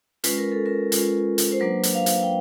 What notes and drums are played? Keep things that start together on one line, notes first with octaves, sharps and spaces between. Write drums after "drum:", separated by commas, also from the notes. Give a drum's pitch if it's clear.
G#3 C#4 F4 B4, drum: hi-hat
A#4
A4
A#4
G#3 C#4 F4, drum: hi-hat
drum: hi-hat
C5
F#3 A#3 D4 B4
drum: hi-hat
F5
drum: hi-hat
G5